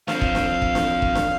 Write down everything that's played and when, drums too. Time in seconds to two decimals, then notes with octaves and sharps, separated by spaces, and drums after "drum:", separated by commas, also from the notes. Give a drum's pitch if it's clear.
0.08 F2 F3 F5, drum: snare D4
0.21 drum: kick
0.35 drum: snare D4
0.62 drum: kick
0.75 drum: snare D4
1.02 drum: kick
1.15 drum: snare D4